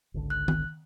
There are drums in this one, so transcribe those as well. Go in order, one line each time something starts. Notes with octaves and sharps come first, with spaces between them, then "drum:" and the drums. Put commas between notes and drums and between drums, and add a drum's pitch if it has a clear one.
G#1 C#2 D3
F#6
drum: tom D#3